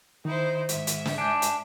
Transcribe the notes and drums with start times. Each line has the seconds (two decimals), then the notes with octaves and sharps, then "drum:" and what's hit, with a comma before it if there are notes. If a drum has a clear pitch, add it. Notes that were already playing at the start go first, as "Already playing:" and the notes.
0.25 D#3 D#4 E4 C5
0.69 G#2 E5, drum: hi-hat
0.87 drum: hi-hat
1.05 drum: snare
1.18 D4 G#5 G6
1.42 drum: hi-hat